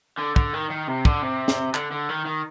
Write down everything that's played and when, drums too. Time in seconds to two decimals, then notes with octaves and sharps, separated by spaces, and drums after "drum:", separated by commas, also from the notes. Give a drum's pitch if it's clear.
0.19 D3
0.36 D3, drum: kick
0.54 D#3
0.70 D#3
0.88 C3
1.05 D3, drum: kick
1.22 C3
1.48 drum: snare
1.74 D3, drum: clap
1.91 D3
2.09 D#3
2.25 D#3